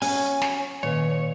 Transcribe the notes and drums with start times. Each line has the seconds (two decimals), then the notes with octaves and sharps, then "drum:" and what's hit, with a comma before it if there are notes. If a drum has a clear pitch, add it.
0.02 C#4 F#4 C#5 G#5, drum: open hi-hat
0.42 drum: snare
0.83 A#2 D#3 B4 C#5